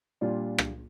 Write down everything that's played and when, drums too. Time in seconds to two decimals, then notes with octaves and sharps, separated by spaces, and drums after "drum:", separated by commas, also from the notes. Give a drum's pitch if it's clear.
0.21 A#2 G3 D4 F4
0.58 drum: rim click